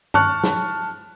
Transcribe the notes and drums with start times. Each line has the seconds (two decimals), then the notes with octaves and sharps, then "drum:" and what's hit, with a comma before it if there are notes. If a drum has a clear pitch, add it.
0.14 A5 C#6 F6 F#6, drum: tom G2
0.44 drum: snare